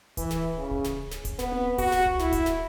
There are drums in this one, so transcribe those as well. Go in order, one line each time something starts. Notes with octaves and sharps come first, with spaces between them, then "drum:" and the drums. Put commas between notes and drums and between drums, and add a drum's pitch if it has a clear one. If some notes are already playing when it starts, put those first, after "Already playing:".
E3, drum: kick D1, hi-hat
drum: snare
C#3
drum: kick D1
drum: snare
drum: snare
drum: kick D1, hi-hat
B3, drum: snare
drum: tom C4
F#4, drum: kick D1, open hi-hat
drum: snare
drum: tom C2
E4, drum: snare
drum: kick D1, hi-hat
drum: snare